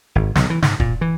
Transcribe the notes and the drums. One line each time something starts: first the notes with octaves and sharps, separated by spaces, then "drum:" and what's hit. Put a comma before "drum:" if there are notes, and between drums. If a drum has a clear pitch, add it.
G#1
B1, drum: snare
E3
G#2, drum: snare
A#2, drum: kick D#1
E3